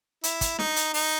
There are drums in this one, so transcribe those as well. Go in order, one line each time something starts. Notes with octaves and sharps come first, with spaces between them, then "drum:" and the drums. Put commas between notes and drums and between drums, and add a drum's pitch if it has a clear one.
E4, drum: hi-hat
drum: kick, hi-hat
D#4, drum: snare
drum: hi-hat
D#4, drum: open hi-hat